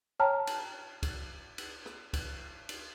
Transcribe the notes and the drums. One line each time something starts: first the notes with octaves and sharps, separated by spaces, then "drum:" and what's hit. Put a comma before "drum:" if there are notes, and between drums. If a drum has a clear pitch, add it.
C#5 G5 A5 A#5 F6
drum: cymbal
drum: kick, cymbal
drum: cymbal
drum: rim click
drum: kick, cymbal
drum: cymbal